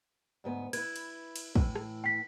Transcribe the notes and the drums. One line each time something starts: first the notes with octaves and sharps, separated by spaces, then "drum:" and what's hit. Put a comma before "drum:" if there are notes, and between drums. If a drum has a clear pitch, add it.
D2 G#2 B3
E4 B4 G#6, drum: cymbal
drum: cymbal
drum: cymbal
A2 E3, drum: kick
drum: rim click
G5 B6